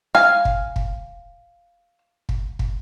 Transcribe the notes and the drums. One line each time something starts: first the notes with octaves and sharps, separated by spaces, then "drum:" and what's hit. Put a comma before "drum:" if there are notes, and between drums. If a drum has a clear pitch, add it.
F5 G#5
drum: kick
drum: kick
drum: kick
drum: kick